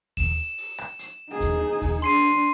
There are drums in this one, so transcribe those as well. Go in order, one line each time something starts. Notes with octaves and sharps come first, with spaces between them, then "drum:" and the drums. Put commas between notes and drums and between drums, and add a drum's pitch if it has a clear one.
E7, drum: kick D#2, open hi-hat
drum: open hi-hat
drum: rim click
drum: hi-hat
D#4 G#4
drum: kick D#2, hi-hat
drum: kick D#2, open hi-hat
D4 C6 C7 D#7
drum: open hi-hat